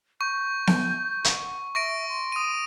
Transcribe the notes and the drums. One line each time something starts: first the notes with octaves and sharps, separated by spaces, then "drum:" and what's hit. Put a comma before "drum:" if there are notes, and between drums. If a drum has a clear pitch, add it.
C#6 G6
drum: snare B3
F#5, drum: hi-hat
E5 C#6 A#6 D7
C6
D#6 D#7